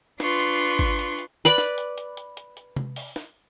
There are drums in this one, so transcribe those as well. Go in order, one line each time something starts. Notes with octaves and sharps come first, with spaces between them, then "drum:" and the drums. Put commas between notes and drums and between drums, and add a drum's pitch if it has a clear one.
D4 F4 B4 C6 C#6, drum: snare
drum: hi-hat
drum: hi-hat
drum: kick G#1
drum: hi-hat
drum: hi-hat
B4 D5 B5
drum: snare
drum: hi-hat
drum: hi-hat
drum: hi-hat
drum: hi-hat
drum: hi-hat
drum: tom C3
drum: open hi-hat
drum: snare